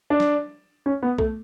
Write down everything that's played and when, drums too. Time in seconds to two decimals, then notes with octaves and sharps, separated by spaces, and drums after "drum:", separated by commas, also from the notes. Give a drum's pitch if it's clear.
0.10 D4
0.20 drum: snare
0.86 C#4
1.02 B3
1.18 A3, drum: kick B1